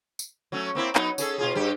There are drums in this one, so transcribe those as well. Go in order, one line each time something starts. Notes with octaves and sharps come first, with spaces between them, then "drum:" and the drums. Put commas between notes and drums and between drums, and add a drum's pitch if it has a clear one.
drum: tambourine
F#3 A3 C#4
A#3 C4 E4
F#3 B3 D#4, drum: clap
C#4 G#4 A4, drum: tambourine
B2 F4 G#4
G2 G4